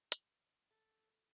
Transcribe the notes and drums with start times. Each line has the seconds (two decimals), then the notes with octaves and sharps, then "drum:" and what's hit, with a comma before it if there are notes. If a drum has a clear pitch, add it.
0.12 drum: hi-hat
0.71 A4